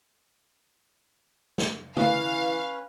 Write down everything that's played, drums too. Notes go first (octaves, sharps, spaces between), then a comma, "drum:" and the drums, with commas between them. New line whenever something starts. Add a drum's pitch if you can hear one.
drum: snare
E3 C#4 B4 F5, drum: tom